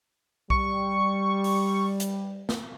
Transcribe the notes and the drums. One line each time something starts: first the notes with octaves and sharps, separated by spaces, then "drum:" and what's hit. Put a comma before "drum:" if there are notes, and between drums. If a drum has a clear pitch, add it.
G3 C#6, drum: kick B1
drum: open hi-hat
drum: hi-hat
drum: snare